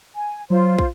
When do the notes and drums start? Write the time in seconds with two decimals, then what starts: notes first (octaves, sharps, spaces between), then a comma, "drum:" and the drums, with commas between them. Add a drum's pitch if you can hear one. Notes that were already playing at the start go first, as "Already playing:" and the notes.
0.14 G#5
0.50 F#3 F4 C5 C6
0.79 drum: kick